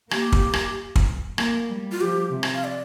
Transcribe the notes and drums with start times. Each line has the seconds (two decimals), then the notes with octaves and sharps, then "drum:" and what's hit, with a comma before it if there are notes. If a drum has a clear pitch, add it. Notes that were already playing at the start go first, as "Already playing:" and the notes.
0.11 A#3 G4, drum: rim click
0.32 drum: kick
0.53 drum: rim click
0.96 drum: kick
1.38 A#3, drum: rim click
1.69 G3
1.92 F4
2.01 F3 G4
2.32 C3
2.43 drum: rim click
2.53 F5
2.64 D5